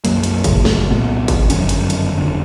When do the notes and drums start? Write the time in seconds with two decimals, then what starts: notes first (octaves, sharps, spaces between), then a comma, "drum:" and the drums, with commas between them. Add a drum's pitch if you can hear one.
0.05 B1 F#2 F#3 A#3, drum: hi-hat
0.24 drum: hi-hat
0.44 A#1 F#2 C#3 F3, drum: kick G1, hi-hat
0.65 drum: snare
0.91 C2 A#2 B3
1.28 E1, drum: kick G1, hi-hat
1.50 G1 F#2 D#3 C#4, drum: hi-hat
1.69 drum: hi-hat
1.90 drum: hi-hat
2.18 F1 D3